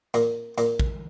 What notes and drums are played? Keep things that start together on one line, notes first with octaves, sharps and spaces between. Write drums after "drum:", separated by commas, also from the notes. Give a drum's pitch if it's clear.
A#2, drum: hi-hat
A#2, drum: hi-hat
drum: kick